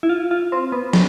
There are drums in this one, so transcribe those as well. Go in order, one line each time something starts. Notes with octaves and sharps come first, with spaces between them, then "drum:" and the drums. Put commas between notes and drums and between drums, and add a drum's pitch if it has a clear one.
E4
F4
F4
C4
B3
drum: snare